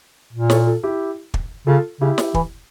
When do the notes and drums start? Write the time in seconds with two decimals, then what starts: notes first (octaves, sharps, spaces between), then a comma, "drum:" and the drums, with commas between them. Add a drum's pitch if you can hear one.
0.33 A#2
0.50 A4 C#5, drum: snare
0.67 F4 A4
0.83 E4 G4
1.34 drum: kick
1.67 C#3 F4 A4
2.01 C#3 E4 G4
2.18 drum: snare
2.34 E3, drum: kick